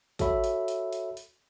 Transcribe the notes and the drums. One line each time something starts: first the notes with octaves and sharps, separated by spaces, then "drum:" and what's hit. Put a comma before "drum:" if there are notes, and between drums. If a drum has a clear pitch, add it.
F#4 A4 C#5 E5 B5, drum: kick, hi-hat
drum: hi-hat
drum: hi-hat
drum: hi-hat
drum: hi-hat